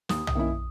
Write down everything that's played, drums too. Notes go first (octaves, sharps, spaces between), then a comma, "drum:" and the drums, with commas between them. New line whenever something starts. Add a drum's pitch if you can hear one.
D#2 D#6, drum: snare
D#6, drum: tom
D#3 A#3 C#4 E4